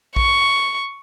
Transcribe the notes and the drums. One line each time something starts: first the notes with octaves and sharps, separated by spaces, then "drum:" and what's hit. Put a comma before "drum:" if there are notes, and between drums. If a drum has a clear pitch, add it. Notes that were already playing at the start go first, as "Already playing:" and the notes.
C#6, drum: kick A#1